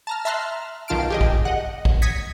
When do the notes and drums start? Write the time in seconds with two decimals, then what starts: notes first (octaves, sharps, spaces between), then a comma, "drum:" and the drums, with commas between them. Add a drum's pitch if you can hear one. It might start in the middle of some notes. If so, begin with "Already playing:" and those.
0.07 A5 A#5 F6
0.25 E5 A5 A#5 C6 F6 F#6
0.88 B1 D#3 F4 A5 F6 D7
1.10 G4 G#4 D#5
1.21 drum: kick
1.45 D#5 F#5
1.85 drum: kick
2.02 D#6 G#6 A#6 B6 C#7